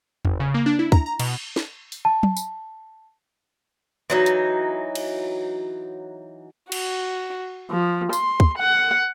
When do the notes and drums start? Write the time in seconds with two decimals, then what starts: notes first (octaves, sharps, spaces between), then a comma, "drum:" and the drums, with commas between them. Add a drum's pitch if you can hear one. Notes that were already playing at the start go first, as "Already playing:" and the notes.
0.25 G1, drum: tom E2
0.40 C#3
0.54 A#3
0.66 D4
0.79 E4
0.92 A#5, drum: kick
1.06 A#5
1.20 B2, drum: cymbal
1.56 drum: snare
1.92 drum: open hi-hat
2.05 A5
2.23 drum: tom F#3
2.37 drum: tambourine
4.10 E3 F#3 D#4
4.26 drum: hi-hat
4.95 drum: cymbal
6.72 F#4, drum: cymbal
7.71 F3
8.13 C6, drum: tambourine
8.40 drum: kick
8.59 F#5